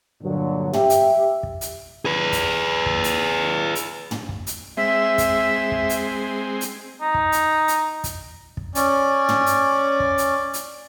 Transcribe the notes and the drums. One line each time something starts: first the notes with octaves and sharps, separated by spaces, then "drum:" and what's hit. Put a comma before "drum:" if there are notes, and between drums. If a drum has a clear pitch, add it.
G2 A#2 D3 F#3
G4 E5, drum: tom
drum: hi-hat
drum: kick
drum: hi-hat
G#4 B4
drum: kick, hi-hat
drum: kick
drum: hi-hat
drum: hi-hat
drum: tom
drum: kick
drum: hi-hat
G#3 C4 E5
drum: kick, hi-hat
drum: kick
drum: hi-hat
drum: hi-hat
D#4
drum: kick
drum: hi-hat
drum: hi-hat
drum: kick, hi-hat
drum: kick
C#4 D5, drum: hi-hat
drum: tom
drum: hi-hat
drum: kick
drum: hi-hat
drum: hi-hat